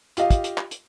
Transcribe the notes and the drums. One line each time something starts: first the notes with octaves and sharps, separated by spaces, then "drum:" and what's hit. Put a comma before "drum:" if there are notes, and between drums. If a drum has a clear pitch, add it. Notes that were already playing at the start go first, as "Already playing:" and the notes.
F4 G4 D#5 F5, drum: hi-hat
drum: kick, hi-hat
drum: hi-hat
drum: clap
drum: hi-hat